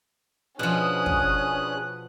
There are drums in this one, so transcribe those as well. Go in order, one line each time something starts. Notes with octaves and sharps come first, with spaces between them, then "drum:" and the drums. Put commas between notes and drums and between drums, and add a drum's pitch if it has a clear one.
B2 F3 C#4 D4 G#4 B4 D#6 F#6
drum: kick